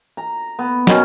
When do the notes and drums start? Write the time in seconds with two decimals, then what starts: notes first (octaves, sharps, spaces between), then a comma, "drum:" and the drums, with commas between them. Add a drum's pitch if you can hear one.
0.17 A#5
0.59 B3
0.87 B2 D#3 C#4, drum: snare